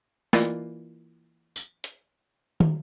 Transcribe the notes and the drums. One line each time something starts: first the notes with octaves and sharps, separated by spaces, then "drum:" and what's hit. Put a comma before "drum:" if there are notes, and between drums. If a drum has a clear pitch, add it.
E3 A#3 F4 A#4 D5 D#5, drum: snare A3
drum: tambourine
drum: hi-hat
drum: tom